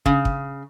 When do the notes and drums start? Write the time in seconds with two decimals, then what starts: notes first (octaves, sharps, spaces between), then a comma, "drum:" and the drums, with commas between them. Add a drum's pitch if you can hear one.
0.06 C#3, drum: kick
0.25 drum: kick